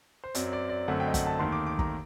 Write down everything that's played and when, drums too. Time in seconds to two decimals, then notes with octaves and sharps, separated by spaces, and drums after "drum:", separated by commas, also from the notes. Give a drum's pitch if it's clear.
0.24 C5
0.35 F#2 F#3 C4 D5, drum: hi-hat
0.53 D5
0.69 D5
0.88 F#2 D3 A3 C4 F#5
1.00 G5
1.07 D#5
1.14 F#5, drum: kick, hi-hat
1.27 A5
1.39 D#2 D#3 A3 C6
1.52 D6
1.67 D6
1.79 A#5, drum: kick